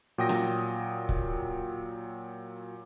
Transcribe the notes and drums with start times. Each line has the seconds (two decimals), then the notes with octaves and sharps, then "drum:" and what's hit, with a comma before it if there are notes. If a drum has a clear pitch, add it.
0.18 A#2 F#3 G5 D#6 A#6
0.29 drum: rim click
1.09 drum: kick C#1